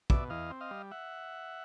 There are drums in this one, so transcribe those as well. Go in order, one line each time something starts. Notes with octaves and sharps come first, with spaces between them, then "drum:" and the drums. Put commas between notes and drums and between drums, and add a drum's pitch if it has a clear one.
B2 D5 E5, drum: kick
E2 D#5 F5
C4
D#5 F5
G3
E5 F#5